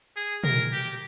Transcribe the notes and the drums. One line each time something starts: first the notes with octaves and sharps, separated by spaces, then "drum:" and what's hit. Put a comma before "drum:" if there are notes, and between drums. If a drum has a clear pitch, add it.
G#4
A#4, drum: tom
G4